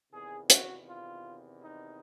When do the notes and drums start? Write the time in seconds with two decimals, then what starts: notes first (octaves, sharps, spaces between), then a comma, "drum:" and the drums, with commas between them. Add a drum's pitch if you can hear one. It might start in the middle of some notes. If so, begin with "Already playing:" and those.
0.12 E2 C3 D#3 G#4
0.50 F#4, drum: hi-hat
0.87 F4
1.61 D#4